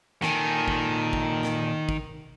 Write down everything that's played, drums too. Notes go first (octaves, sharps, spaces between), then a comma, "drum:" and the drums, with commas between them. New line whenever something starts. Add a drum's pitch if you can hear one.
A#2 D#3 A4 G#5, drum: snare
drum: kick
drum: kick
drum: snare
drum: kick